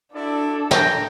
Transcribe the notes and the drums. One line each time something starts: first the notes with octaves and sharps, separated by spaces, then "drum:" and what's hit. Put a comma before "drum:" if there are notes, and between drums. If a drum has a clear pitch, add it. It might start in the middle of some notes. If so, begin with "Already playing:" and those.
D4 E4 F#4 A4 D5
G5 A#5, drum: snare